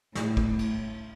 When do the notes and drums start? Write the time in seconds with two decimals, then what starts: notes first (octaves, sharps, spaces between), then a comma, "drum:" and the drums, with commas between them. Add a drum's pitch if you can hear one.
0.15 A2, drum: snare
0.37 drum: kick
0.59 drum: cymbal